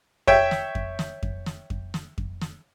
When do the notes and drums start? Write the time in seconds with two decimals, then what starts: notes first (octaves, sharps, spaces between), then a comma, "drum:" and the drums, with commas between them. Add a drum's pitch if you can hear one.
0.27 C#5 E5 G5, drum: kick F2
0.51 drum: snare
0.75 drum: kick F2
0.99 drum: snare
1.23 drum: kick F2
1.46 drum: snare
1.70 drum: kick F2
1.94 drum: snare
2.18 drum: kick F2
2.41 drum: snare